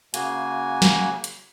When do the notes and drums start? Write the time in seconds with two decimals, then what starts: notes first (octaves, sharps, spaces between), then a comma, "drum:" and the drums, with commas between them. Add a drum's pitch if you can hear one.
0.14 C#3 A#3 F#4 G#5, drum: hi-hat
0.82 drum: snare
1.24 drum: hi-hat